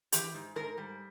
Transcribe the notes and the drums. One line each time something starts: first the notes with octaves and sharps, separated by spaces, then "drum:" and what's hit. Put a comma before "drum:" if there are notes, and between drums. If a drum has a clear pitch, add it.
E3 G4, drum: hi-hat
G#2
G#2 A#4
G3